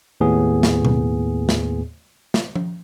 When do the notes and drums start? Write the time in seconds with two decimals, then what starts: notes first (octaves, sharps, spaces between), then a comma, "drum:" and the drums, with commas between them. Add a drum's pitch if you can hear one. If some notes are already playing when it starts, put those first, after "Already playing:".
0.21 D#2 A2 B3 G#4
0.63 drum: snare
0.85 drum: tom B2
1.49 drum: snare
2.34 drum: snare
2.56 drum: tom F3